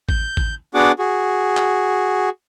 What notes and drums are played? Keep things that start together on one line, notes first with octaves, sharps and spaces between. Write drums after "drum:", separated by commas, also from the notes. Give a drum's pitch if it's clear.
G6, drum: kick A1
drum: kick A1
B3 D4 F#4 G#4 F#5 D6
F#4 G#4
drum: clap